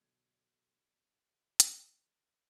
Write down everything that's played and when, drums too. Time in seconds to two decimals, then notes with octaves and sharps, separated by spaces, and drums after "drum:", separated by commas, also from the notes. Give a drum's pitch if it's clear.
0.01 B1 D3 F#3 G#6
1.60 drum: hi-hat